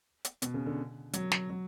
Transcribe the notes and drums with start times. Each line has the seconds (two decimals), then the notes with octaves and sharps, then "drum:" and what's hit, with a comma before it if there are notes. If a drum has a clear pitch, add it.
0.25 drum: hi-hat
0.42 B2, drum: hi-hat
0.54 C#3
0.66 D3
1.13 F#3, drum: hi-hat
1.32 drum: snare
1.50 F#3